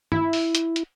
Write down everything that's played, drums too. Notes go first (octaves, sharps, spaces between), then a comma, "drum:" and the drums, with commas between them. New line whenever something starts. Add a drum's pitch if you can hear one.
E4, drum: tom G2
drum: open hi-hat
drum: hi-hat
drum: hi-hat